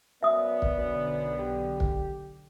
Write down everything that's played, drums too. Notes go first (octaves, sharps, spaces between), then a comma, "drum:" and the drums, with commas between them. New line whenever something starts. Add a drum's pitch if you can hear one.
F#2 B3 D5 E5 D#6
drum: kick
B1 F#2 D3
G4
drum: kick